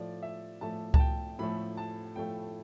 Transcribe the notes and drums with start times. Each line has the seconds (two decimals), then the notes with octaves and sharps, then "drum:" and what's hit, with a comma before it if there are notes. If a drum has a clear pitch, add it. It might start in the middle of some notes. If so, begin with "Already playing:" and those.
Already playing: A2 F3 A3 D5
0.23 E5
0.61 A2 F3 A3 A5
0.94 A5, drum: kick C#2
1.00 G5
1.39 A2 F3 A3 B5
1.77 A5
2.16 A2 F3 A3 G5